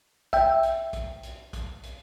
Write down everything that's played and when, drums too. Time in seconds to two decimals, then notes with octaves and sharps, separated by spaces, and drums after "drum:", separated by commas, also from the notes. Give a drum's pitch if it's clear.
0.33 E5 G5, drum: kick A#1, hi-hat
0.63 drum: hi-hat
0.93 drum: kick A#1, hi-hat
1.23 drum: hi-hat
1.53 drum: kick A#1, hi-hat
1.83 drum: hi-hat